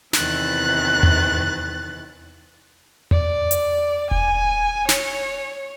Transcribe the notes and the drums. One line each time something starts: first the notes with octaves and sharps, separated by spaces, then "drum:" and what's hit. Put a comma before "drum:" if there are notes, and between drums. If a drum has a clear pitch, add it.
E2 C3 D#3 E3 F#6 A6, drum: snare
drum: tom E2
D5, drum: tom E2
drum: hi-hat
G#5, drum: kick E1
C#5, drum: snare